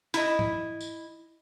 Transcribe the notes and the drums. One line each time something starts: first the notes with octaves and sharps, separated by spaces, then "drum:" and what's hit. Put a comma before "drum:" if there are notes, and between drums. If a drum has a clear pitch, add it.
E4 D#5, drum: hi-hat
drum: tom
drum: tambourine